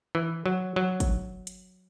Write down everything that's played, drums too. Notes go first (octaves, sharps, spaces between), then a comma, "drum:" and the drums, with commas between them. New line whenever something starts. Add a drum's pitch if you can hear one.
E3
F#3
F#3
drum: kick, hi-hat
drum: hi-hat